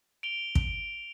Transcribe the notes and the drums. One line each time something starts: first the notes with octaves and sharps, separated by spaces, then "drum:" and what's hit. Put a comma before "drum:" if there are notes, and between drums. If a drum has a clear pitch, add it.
D7 F7 G7
drum: kick